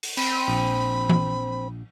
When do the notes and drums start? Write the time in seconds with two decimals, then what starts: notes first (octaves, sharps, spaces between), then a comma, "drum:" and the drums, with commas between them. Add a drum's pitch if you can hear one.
0.03 drum: open hi-hat
0.17 C4 B5, drum: cymbal
0.48 A#1
1.09 drum: tom E3